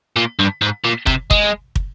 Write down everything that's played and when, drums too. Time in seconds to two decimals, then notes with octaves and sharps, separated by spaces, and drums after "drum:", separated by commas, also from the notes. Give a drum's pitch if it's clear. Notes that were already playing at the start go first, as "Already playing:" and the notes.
0.17 A#2
0.39 G2
0.62 G#2
0.85 A#2
1.07 C3, drum: kick
1.31 G#3, drum: kick
1.76 drum: kick